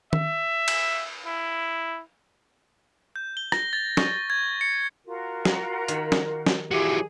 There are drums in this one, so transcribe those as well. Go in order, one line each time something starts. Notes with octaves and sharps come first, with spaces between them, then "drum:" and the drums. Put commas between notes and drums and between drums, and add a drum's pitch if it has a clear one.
E5, drum: tom D#3
drum: cymbal
E4
G6
G7
A#6, drum: rim click
A6
C#6, drum: snare
G#6
C#7
F4 F#4 A#4
drum: snare
D#3, drum: hi-hat
drum: snare
drum: snare
E3 F#3 G4 G#4